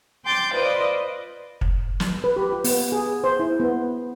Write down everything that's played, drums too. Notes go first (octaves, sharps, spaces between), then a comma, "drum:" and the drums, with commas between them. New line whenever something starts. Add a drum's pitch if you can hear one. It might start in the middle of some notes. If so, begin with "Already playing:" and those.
G5 C6 D6 G6 A6
F4 B4 C5 D5 D#5
drum: kick
drum: snare
B4
G4
F4
B3, drum: open hi-hat
G#4
C5
E4
B3